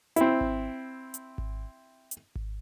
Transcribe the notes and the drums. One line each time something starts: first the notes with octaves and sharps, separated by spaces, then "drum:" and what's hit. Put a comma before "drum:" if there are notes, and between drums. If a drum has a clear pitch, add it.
C4 E4, drum: hi-hat
drum: kick G#1
drum: hi-hat
drum: kick G#1
drum: hi-hat
drum: kick G#1